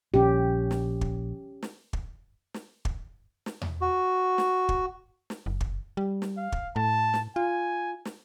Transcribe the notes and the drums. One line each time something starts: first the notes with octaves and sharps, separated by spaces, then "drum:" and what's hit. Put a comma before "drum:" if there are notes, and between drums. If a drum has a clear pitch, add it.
A#1 C#4 G4
drum: snare
drum: kick
drum: snare
drum: kick
drum: snare
drum: kick
drum: snare
drum: tom E2
F#4
drum: snare
drum: kick
drum: snare
F#1
drum: kick
G3
drum: snare
F5
drum: kick
A2 A5
drum: snare
F4 G#5
drum: snare